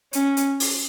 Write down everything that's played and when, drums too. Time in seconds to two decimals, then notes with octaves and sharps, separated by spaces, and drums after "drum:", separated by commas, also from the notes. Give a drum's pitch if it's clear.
0.13 C#4, drum: hi-hat
0.37 drum: hi-hat
0.60 drum: open hi-hat